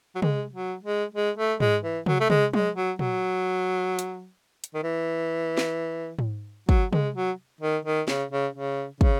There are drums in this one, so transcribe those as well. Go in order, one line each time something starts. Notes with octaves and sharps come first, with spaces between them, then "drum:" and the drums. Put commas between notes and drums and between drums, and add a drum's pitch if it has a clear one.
F#3
G#3, drum: tom
F#3
G#3
G#3
A3
G#3, drum: tom G#2
E3
F#3, drum: tom
A3
G#3, drum: tom
G#3, drum: tom
F#3
F#3, drum: tom A#2
drum: hi-hat
drum: hi-hat
D#3
E3
drum: snare
drum: tom G#2
F#3, drum: kick
G#3, drum: tom
F#3
D#3
D#3
C#3, drum: snare
C#3
C#3
C#3, drum: kick